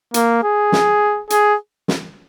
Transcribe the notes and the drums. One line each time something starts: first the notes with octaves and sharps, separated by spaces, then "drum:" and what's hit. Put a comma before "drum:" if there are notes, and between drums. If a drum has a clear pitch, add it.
A#3, drum: hi-hat
G#4
drum: snare
G#4, drum: hi-hat
drum: snare